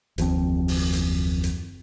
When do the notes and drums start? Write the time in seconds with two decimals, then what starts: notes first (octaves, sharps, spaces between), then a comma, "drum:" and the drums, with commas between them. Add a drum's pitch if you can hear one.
0.18 F#1 D#2 F3 C4, drum: hi-hat
0.68 drum: open hi-hat
0.93 drum: hi-hat
1.43 drum: hi-hat